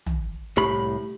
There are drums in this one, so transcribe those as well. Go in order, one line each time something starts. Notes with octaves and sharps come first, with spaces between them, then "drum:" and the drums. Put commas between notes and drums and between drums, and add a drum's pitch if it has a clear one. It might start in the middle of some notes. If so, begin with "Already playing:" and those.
drum: tom
C2 A2 G4 B5